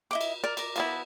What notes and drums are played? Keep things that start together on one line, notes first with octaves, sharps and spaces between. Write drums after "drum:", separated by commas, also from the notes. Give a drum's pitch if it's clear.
E4 D#5 D6
drum: cymbal
A#4 D5
A#4 D6, drum: cymbal
F3 B3 E4, drum: cymbal